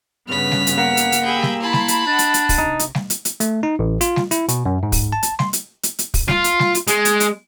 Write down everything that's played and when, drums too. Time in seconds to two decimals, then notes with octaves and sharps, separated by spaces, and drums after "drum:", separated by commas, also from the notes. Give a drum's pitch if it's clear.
0.28 G2 C#3 B3 F6 B6
0.51 drum: snare G3
0.67 drum: hi-hat
0.78 A#3 F#5
0.97 drum: hi-hat
1.12 drum: hi-hat
1.24 G4 G#4 G5 B5 E6
1.43 drum: snare G3
1.62 E4 A5 B5 C6
1.73 drum: snare G3
1.88 drum: hi-hat
2.07 D4 D#5 F#5
2.19 drum: hi-hat
2.34 drum: hi-hat
2.49 drum: kick, open hi-hat
2.58 C3 D#4
2.79 drum: hi-hat
2.95 drum: snare G3
3.10 drum: hi-hat
3.25 drum: hi-hat
3.40 A3, drum: hi-hat
3.63 D#4
3.79 A1
4.01 F4, drum: hi-hat
4.16 drum: snare G3
4.31 E4, drum: hi-hat
4.49 B2, drum: hi-hat
4.66 F#2
4.83 G#2
4.92 drum: kick, open hi-hat
5.12 A5
5.23 drum: hi-hat
5.39 C6, drum: snare G3
5.53 drum: hi-hat
5.83 drum: hi-hat
5.99 drum: hi-hat
6.14 drum: kick, open hi-hat
6.28 F4, drum: snare G3
6.44 drum: hi-hat
6.59 drum: snare G3
6.75 drum: hi-hat
6.87 G#3, drum: hi-hat
7.05 drum: hi-hat
7.20 drum: hi-hat